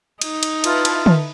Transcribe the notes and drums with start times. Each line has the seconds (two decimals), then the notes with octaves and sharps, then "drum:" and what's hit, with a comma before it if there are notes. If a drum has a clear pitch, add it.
0.21 D#4, drum: cymbal
0.43 drum: cymbal
0.64 E4 F4 B4 A5, drum: cymbal
0.85 drum: cymbal
1.06 drum: tom